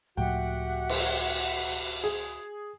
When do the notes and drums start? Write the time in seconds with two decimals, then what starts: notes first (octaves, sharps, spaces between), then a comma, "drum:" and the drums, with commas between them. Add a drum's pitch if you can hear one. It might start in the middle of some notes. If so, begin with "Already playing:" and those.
0.17 C#2 A2 F3 F#4 G4 E5 F#5 G5
0.89 drum: cymbal
2.04 G#4